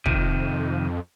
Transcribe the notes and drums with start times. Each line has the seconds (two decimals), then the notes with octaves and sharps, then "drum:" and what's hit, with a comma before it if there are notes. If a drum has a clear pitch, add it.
0.06 F2 C3 D#3, drum: kick